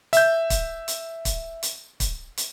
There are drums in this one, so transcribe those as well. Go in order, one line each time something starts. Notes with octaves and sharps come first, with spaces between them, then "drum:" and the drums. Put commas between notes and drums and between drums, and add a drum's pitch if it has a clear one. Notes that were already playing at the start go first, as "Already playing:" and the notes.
E5 G6, drum: hi-hat
drum: kick, hi-hat
drum: hi-hat
drum: kick, hi-hat
drum: hi-hat
drum: kick, hi-hat
drum: hi-hat